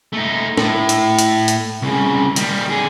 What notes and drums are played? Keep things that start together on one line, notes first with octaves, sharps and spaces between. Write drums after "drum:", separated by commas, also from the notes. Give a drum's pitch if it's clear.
A3 D#4
A2, drum: snare
drum: hi-hat
drum: hi-hat
drum: hi-hat
C2 C#3
D#3 G3, drum: hi-hat
D3 G#4